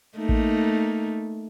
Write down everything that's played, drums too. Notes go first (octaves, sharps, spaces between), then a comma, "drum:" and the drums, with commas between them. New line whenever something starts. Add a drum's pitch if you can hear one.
A3 A#3 D#4
drum: kick A1